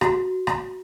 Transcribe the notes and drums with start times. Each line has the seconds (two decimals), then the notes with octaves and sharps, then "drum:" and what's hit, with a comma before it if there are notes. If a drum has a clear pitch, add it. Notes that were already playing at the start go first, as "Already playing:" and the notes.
0.01 F#4, drum: rim click
0.47 drum: rim click